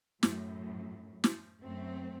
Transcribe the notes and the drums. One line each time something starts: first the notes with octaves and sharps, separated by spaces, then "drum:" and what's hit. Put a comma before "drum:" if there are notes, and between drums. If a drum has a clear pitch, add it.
F#2 A2, drum: snare
drum: snare
F#2 A3 C4